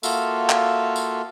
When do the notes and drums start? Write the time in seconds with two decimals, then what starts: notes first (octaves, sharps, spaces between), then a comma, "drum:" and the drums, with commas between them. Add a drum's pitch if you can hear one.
0.03 A#3 F4 F#4 A4 E5 F5, drum: tambourine
0.49 drum: clap
0.96 drum: tambourine